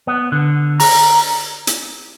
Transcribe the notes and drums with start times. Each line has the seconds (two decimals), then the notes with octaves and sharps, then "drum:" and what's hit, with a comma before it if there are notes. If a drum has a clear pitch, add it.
0.07 B3
0.32 D3
0.80 A#5, drum: open hi-hat
1.67 drum: hi-hat